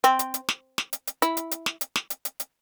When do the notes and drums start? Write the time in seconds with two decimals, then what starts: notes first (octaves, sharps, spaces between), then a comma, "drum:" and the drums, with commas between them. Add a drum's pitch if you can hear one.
0.04 C4, drum: hi-hat
0.19 drum: hi-hat
0.34 drum: hi-hat
0.49 drum: snare
0.78 drum: snare
0.93 drum: hi-hat
1.07 drum: hi-hat
1.22 E4, drum: hi-hat
1.37 drum: hi-hat
1.51 drum: hi-hat
1.66 drum: snare
1.81 drum: hi-hat
1.96 drum: snare
2.10 drum: hi-hat
2.25 drum: hi-hat
2.40 drum: hi-hat